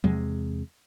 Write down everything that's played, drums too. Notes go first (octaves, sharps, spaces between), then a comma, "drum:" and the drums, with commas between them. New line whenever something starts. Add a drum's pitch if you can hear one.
E2 C3 G#3, drum: tom